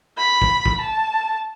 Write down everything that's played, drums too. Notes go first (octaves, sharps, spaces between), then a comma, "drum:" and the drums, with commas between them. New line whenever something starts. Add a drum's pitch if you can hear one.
B5
drum: kick
drum: kick
A5